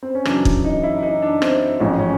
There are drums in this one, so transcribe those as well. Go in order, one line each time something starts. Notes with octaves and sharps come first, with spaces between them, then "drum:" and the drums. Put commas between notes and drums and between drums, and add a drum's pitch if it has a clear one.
C4
C#4
F#2 C#3 E3 D4, drum: rim click
drum: kick
D#4
E4
D#4
D4
C4, drum: rim click
A1 G#2 F3 G#3 C#4
C#4